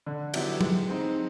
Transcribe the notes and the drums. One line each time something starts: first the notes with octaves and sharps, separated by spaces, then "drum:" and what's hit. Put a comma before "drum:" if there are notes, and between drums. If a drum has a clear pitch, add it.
D3
F#3 B3 E4 G4, drum: cymbal
G#3, drum: tom
C4 D#4